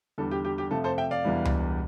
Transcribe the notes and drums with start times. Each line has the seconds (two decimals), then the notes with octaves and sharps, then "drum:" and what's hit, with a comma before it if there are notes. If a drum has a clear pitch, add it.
0.18 E2 D3 G3 A4
0.31 G4
0.45 G4
0.58 G4
0.71 F2 C3 F3 A3 A4
0.84 A4 C5
0.98 E5 G5
1.11 D5 F5
1.24 E1 E2 E3 G3
1.45 drum: tom C#2